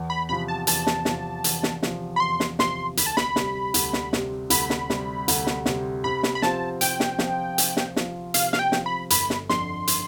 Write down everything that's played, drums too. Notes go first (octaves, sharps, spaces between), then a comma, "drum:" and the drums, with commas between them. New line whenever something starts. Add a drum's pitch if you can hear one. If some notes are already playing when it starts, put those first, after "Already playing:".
Already playing: E2
B5
C3 F3 B5
A5
E2 A5, drum: hi-hat
drum: snare
C3, drum: snare
F3
E2, drum: hi-hat
drum: snare
C3 F3, drum: snare
B5
E2 C6
drum: snare
C3 F3 C6, drum: snare
D2 B5, drum: hi-hat
A5
B5, drum: snare
C3 G3, drum: snare
D2, drum: hi-hat
drum: snare
C3 G3, drum: snare
D2 B5, drum: hi-hat
drum: snare
C3 G3, drum: snare
D2, drum: hi-hat
drum: snare
C3 G3, drum: snare
C3 B5
drum: snare
B5
F3 C4 F4 A5, drum: snare
C3 G5, drum: hi-hat
drum: snare
F3 C4 F4, drum: snare
C3, drum: hi-hat
drum: snare
F3 C4 F4, drum: snare
C3 F5, drum: hi-hat
F5, drum: snare
G5
F3 C4 F4, drum: snare
B5
G1 B5, drum: hi-hat
drum: snare
F2 D3 C6, drum: snare
drum: hi-hat